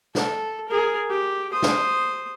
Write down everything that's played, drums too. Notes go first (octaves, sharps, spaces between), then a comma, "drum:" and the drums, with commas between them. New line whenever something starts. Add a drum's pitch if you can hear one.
A4, drum: snare
G#4 A#4
G4
C5 D#6
drum: snare